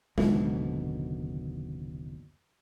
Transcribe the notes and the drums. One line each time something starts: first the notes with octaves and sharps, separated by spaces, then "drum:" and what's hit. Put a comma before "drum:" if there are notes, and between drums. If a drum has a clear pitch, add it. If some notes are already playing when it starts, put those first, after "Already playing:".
F#1 D#2 B2 D3, drum: tom G#3